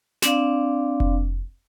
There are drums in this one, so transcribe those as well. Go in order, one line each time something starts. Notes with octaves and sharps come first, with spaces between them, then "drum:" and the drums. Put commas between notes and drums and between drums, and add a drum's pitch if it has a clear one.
C4 D4 D5 F5, drum: snare
drum: kick F1